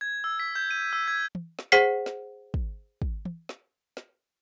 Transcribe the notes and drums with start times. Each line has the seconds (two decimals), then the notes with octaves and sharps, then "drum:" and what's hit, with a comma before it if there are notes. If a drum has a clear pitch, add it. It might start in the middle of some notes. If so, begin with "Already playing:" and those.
0.01 G#6
0.24 E6
0.40 B6
0.55 G6
0.71 D#7
0.93 E6
1.08 G#6
1.35 drum: tom
1.59 drum: snare
1.72 G#4 C5 F#5 B6 C7
2.06 drum: snare
2.54 drum: kick
3.02 drum: kick
3.25 drum: tom
3.49 drum: snare
3.97 drum: snare